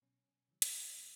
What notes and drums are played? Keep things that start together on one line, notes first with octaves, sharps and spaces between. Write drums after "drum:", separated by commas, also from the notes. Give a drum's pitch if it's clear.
B2 F#3 C#4
C#3 E3 G3
drum: hi-hat
A#2 G3 B3